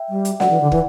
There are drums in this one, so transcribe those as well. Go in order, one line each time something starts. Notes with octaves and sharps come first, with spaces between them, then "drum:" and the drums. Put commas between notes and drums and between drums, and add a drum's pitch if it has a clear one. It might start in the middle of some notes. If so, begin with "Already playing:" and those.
Already playing: E5 G5
G3
drum: hi-hat
F#3 D5 F#5, drum: snare
E3
D3
E3, drum: kick